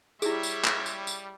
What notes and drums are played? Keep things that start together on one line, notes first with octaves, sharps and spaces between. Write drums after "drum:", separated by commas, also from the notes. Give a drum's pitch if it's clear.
G3 E4 G4 G#4 C#5 E5, drum: tambourine
drum: tambourine
drum: clap
drum: tambourine
drum: tambourine